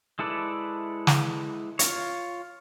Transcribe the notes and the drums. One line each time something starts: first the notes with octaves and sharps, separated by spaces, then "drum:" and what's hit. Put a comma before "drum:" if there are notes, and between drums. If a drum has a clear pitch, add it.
G#3 E4 A4 B4 D5
drum: snare
F4 C#5, drum: hi-hat